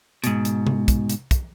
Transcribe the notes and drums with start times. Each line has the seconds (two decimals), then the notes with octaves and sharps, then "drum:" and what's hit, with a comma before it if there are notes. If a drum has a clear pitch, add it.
0.24 G#2 B2, drum: hi-hat
0.45 drum: hi-hat
0.67 drum: tom C3
0.88 drum: kick, hi-hat
1.09 drum: hi-hat
1.31 drum: kick, hi-hat